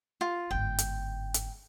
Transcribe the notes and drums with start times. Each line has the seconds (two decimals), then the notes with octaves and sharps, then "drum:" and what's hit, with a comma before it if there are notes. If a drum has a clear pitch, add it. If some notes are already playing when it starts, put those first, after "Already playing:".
0.21 F4
0.51 G1 G#2 G5
0.78 drum: hi-hat
1.34 drum: hi-hat